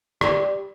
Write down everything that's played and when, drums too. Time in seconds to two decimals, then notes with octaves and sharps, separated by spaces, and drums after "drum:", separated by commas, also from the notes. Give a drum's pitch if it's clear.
0.21 G3, drum: rim click